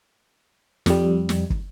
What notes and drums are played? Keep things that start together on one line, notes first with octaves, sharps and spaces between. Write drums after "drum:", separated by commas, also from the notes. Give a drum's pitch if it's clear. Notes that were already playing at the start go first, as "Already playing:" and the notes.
F2 G3, drum: snare
drum: snare
drum: kick